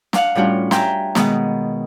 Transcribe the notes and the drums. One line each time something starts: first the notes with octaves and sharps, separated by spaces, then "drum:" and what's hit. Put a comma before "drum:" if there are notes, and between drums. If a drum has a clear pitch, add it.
D4 F5 F#5, drum: snare
A2 G3 C#4 D4 F4 F#4
E5 G5 G#5 A#5 C6, drum: snare
B2 D#3 G#3 B3, drum: snare